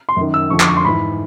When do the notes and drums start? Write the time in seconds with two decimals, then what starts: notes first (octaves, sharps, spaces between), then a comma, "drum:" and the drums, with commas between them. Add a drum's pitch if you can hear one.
0.09 C6
0.17 F#2 D#3
0.34 E6
0.50 F2 D3 F3 C#6
0.60 D6, drum: clap
0.68 C#6
0.77 C6
0.85 G#2 E3 B5